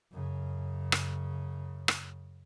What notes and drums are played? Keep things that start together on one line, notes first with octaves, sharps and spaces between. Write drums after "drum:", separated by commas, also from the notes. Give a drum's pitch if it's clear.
F#2 C#3
drum: rim click
drum: rim click